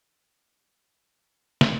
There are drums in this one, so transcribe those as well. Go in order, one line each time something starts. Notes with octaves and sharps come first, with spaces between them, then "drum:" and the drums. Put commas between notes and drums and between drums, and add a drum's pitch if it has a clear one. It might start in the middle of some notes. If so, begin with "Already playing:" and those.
Already playing: F2
G#2 F#4 A#4
A#4 C#5
G#2
F5
drum: snare